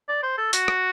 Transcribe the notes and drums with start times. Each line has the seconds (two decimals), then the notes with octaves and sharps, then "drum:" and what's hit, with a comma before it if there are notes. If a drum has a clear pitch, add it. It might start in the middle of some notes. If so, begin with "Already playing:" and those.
0.09 D5
0.23 C5
0.38 A4
0.53 F#4, drum: hi-hat
0.68 drum: rim click